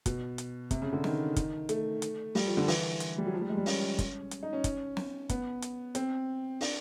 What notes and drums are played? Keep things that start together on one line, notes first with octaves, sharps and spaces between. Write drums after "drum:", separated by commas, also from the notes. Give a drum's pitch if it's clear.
B2, drum: kick, hi-hat
drum: hi-hat
C3, drum: kick, hi-hat
C#3
D3
D#3, drum: snare
drum: kick, hi-hat
A3, drum: hi-hat
drum: hi-hat
G3, drum: open hi-hat
F3
D3
E3, drum: open hi-hat
drum: hi-hat
G3
F#3
F3
G3
G#3
G3
C#4, drum: open hi-hat
drum: kick, hi-hat
drum: hi-hat
D#4
C#4
drum: kick, hi-hat
drum: snare
B3, drum: kick, hi-hat
drum: hi-hat
C4, drum: hi-hat
D4, drum: open hi-hat